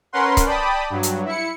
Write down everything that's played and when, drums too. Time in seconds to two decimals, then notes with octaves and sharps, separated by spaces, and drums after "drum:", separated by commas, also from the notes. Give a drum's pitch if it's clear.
0.13 C#4 A#4 B4 F#5 C6
0.37 drum: kick C#1, hi-hat
0.46 D5 G5 A5 B5 D#6
0.90 G2 F#3
1.03 drum: hi-hat
1.25 E4 C#7